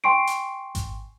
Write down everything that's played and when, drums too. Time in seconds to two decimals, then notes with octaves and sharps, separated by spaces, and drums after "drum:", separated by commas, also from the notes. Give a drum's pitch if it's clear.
0.04 G5 G#5 C6 C#6 C7 D7
0.27 drum: hi-hat
0.75 drum: kick G#1, hi-hat